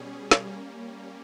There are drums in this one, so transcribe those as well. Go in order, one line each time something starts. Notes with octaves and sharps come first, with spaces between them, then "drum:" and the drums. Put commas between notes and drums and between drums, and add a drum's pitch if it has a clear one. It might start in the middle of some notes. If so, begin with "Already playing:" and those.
Already playing: B2 G3 C#4 G#4
drum: snare
G3 A#3 C#4